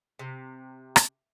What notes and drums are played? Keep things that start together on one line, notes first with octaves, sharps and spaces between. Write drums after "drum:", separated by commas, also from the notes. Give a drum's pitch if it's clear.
C3
drum: rim click